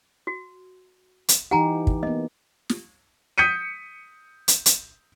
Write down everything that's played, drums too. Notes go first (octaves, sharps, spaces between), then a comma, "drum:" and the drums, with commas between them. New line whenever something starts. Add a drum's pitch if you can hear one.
F#4
drum: hi-hat
E3 D#4 G4 F#5 G#5 A#5
drum: kick
A#3 B3 D#5
drum: snare
D#6 G6 B6 C#7 D#7
drum: hi-hat
drum: hi-hat